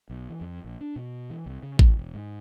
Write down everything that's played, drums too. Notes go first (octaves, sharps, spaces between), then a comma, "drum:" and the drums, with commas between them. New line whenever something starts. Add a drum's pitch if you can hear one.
B1
E3
F2
A#1
D4
B2
E3
C2
C#3
A1, drum: kick A1
E1
G#2